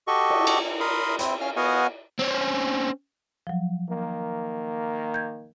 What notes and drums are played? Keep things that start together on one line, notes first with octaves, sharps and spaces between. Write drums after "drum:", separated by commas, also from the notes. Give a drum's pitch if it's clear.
F#4 G4 A4 D#5 C#6
drum: cymbal
drum: cymbal
A#4 B5 C6 D#6
C4 E4, drum: hi-hat
C#4 F5 F6
B3 F#4 D#5 F5 F#5 G#5
C4 C#4
F3 F#3
D#3 A#3
G6 G#6